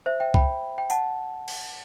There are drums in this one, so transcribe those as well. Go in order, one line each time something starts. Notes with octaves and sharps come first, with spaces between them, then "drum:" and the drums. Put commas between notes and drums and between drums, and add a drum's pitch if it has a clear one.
C5 E5
E5 G5
G5 B5, drum: kick
G5
F#5 A5, drum: tambourine
drum: cymbal